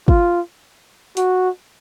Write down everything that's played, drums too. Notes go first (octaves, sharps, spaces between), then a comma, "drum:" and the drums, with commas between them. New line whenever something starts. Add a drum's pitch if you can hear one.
F4, drum: kick
F#4, drum: hi-hat